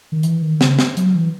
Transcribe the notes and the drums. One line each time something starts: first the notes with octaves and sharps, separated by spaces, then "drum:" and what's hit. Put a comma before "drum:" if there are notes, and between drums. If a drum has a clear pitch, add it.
D#3
E3, drum: hi-hat
D#3
C#3, drum: snare
drum: snare
F#3, drum: hi-hat
E3